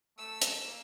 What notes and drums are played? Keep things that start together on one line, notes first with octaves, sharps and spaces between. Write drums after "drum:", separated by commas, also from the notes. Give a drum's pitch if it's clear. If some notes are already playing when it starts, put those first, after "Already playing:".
A3 E6
drum: hi-hat
A#3